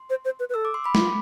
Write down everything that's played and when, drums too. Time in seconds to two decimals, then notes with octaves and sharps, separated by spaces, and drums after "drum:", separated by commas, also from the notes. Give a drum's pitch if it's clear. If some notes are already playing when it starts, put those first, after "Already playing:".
Already playing: C6
0.10 C5
0.25 C5
0.40 B4
0.50 B4
0.54 A4 E6
0.65 D6
0.74 C6
0.84 B5 D6
0.95 E4, drum: snare
1.00 F4